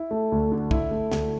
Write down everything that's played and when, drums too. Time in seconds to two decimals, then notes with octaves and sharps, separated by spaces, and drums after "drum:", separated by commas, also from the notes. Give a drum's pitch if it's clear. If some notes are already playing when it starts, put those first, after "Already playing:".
Already playing: E4
0.11 A3
0.32 D2
0.52 D3
0.71 E4, drum: kick
0.91 A3
1.11 D2, drum: snare